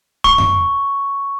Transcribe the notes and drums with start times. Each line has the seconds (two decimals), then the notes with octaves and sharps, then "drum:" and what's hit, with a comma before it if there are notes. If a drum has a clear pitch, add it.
0.24 C#6, drum: kick
0.38 drum: tom F2